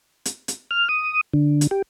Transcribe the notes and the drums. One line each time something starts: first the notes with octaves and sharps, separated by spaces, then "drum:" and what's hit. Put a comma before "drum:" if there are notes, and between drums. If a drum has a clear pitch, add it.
drum: hi-hat
drum: hi-hat
F6
D#6
D3
drum: hi-hat
G4